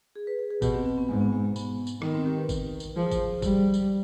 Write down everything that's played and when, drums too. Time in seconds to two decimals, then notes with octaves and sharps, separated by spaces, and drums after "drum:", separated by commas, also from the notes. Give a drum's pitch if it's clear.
0.16 G#4
0.27 B4
0.39 G#4
0.51 G#4
0.62 B2 G4, drum: kick G#1, tambourine
0.74 C4
0.85 C4
0.98 B3
1.09 G#2 G#3
1.21 B3
1.32 G#3
1.44 G#3
1.56 B3, drum: tambourine
1.87 drum: tambourine
2.02 D#3 B3, drum: rim click
2.14 C4
2.26 G4
2.37 B4
2.49 drum: kick G#1, tambourine
2.80 drum: tambourine
2.96 F3 G#4
3.11 drum: kick G#1, tambourine
3.42 G3, drum: kick G#1, tambourine
3.74 drum: tambourine